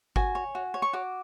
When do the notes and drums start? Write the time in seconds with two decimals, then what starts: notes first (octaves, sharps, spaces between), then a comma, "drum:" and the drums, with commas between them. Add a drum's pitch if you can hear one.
0.16 F#4 G#5, drum: kick G1
0.35 C#5
0.55 F#4
0.74 C#5
0.82 C#6
0.93 F#4 D6